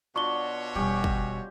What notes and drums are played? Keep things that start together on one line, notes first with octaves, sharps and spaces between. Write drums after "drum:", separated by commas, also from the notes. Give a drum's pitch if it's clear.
B2 D4 F4 F#4 C#5 C#6 G7
E1 G3 C#4 G4
drum: kick